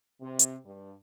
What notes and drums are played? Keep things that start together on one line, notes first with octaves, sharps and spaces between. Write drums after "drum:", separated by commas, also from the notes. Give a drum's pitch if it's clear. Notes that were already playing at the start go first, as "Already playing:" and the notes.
C3
drum: hi-hat
G2